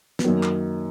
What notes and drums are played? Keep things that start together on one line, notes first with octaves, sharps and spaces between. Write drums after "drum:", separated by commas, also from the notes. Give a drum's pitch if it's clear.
B3, drum: snare
F#2 D#3 F#3 A#3
drum: clap